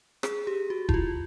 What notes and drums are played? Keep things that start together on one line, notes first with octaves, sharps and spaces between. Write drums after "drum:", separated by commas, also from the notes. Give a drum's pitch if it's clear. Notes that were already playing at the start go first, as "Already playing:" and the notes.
G#4, drum: rim click
G4
F#4
E4, drum: kick F1
F4